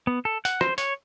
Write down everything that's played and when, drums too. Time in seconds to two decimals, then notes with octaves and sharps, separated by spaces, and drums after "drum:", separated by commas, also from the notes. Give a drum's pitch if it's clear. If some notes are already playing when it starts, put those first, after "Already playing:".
0.07 B3
0.25 A4
0.45 F#5, drum: hi-hat
0.61 C5, drum: rim click
0.78 C#5, drum: hi-hat